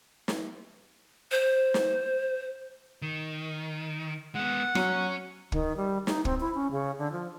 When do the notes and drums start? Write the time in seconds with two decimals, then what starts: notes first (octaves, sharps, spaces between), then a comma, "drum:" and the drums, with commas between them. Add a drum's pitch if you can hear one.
0.28 drum: snare
1.31 C5
1.74 drum: snare
3.02 D#3
4.35 G#3 B3 F#5
4.75 F#3 C#4, drum: rim click
5.52 D#3, drum: kick
5.77 G3
6.07 D#4, drum: snare
6.25 C4, drum: kick
6.40 E4
6.55 C#4
6.71 C#3
6.99 D3
7.12 F3